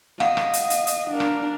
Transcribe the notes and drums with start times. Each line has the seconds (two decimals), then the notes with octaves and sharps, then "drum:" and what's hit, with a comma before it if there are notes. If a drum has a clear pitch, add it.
0.20 D#5 F5 F#5, drum: rim click
0.37 drum: rim click
0.53 drum: hi-hat
0.70 drum: hi-hat
0.87 drum: hi-hat
1.11 D4 A#4
1.20 drum: rim click